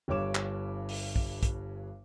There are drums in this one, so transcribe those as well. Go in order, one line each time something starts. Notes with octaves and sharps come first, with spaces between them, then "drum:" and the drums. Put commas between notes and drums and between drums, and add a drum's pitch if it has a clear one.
G1 G2 C#5 D6 E7
drum: clap
drum: open hi-hat
drum: kick
drum: kick, hi-hat